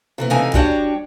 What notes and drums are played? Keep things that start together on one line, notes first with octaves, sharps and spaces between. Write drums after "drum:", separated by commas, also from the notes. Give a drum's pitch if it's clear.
C3 E3 B3
C3 E3 A3 D#4 F5 G#5
G3 D4 F#4 G4 C#5, drum: kick